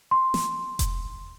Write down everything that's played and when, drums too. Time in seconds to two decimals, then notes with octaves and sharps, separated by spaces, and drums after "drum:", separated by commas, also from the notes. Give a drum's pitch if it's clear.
0.11 C6
0.34 drum: snare
0.79 drum: kick F1, hi-hat